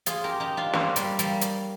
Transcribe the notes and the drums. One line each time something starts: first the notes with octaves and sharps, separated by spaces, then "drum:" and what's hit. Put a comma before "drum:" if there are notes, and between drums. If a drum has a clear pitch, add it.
F4 G#4, drum: hi-hat
G4 A#4
D#4 G4
D4 F4
A#3 D4, drum: snare
G3 A#3, drum: hi-hat
G3 A#3, drum: hi-hat
drum: hi-hat